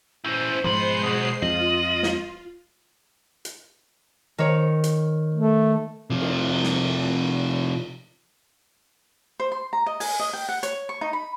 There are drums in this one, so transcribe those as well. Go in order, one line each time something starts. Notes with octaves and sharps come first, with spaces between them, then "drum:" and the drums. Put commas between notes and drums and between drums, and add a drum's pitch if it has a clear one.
C#4 E4 C5 G6
B1 G#2 F3 G#3 B3 C5 C6 C7
B2 F#3 D#6
F2 F4 D#5 F#7
drum: snare
drum: hi-hat
D#3 C#5
drum: hi-hat
A3
C3 F3
drum: cymbal
drum: snare
C5
C6
A#5
D#5
G#5, drum: open hi-hat
D#5
G5
F#5
C#5, drum: hi-hat
C#6
D#4
B5